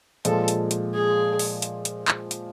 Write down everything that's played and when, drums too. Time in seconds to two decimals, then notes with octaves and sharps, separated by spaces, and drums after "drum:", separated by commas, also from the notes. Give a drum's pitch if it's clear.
0.25 A#2 F3 G#3 A4, drum: hi-hat
0.48 drum: hi-hat
0.71 drum: hi-hat
0.94 G#4
1.39 drum: open hi-hat
1.62 drum: hi-hat
1.85 drum: hi-hat
2.08 drum: clap
2.31 drum: hi-hat